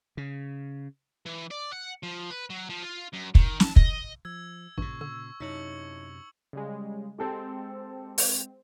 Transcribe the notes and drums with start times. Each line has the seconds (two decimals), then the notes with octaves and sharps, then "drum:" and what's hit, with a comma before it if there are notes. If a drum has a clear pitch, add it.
0.17 C#3
1.26 E3
1.51 D5
1.72 F#5
2.03 F3
2.30 B4
2.50 F#3
2.70 F3
2.83 F4
3.13 F#2
3.35 D#3, drum: kick
3.60 A5, drum: snare
3.76 D#5, drum: kick
4.25 F3 E6 G#6
4.78 A1 G2 A#2 C#3 C#6
5.01 D3 C#6 E6
5.40 F#2 C3 D#4 E4 C#5 E6 C#7 F#7
6.53 C#3 G3 G#3
7.19 G#3 C4 G4 A4
8.18 drum: open hi-hat